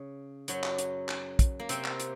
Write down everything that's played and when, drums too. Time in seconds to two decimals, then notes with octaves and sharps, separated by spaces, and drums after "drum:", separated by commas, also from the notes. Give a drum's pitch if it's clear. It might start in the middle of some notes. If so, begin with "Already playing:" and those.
Already playing: C#3
0.48 F#2 F#3, drum: hi-hat
0.63 drum: clap
0.78 drum: hi-hat
1.09 drum: clap
1.39 drum: kick, hi-hat
1.60 A#3
1.69 C3 C4, drum: hi-hat
1.84 drum: clap
2.00 drum: hi-hat